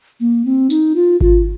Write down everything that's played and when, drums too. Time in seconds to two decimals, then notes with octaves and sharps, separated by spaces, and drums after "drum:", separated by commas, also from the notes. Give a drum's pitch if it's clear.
0.20 A#3
0.45 C4
0.70 D#4, drum: tambourine
0.95 F4
1.21 F4, drum: kick G#1